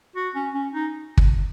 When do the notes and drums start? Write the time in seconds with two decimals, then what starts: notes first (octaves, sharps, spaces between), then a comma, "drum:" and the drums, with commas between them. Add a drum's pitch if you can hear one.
0.16 F#4
0.35 C#4
0.54 C#4
0.74 D#4
1.17 drum: kick